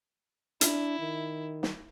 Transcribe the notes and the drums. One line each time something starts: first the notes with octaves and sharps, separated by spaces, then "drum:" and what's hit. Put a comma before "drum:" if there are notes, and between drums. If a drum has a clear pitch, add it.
D4 E4, drum: hi-hat
D#3
drum: snare